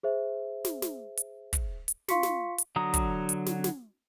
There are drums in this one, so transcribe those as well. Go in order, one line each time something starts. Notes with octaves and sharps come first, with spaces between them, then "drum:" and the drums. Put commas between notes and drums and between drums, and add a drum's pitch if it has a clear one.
G#4 C5 E5
drum: snare
drum: snare
drum: hi-hat
drum: kick, hi-hat
drum: hi-hat
F4 F5 C6 C#6 B6 C#7, drum: snare
drum: snare
drum: hi-hat
D3 F#3 A#5 D#6
drum: kick, hi-hat
drum: hi-hat
drum: snare
drum: snare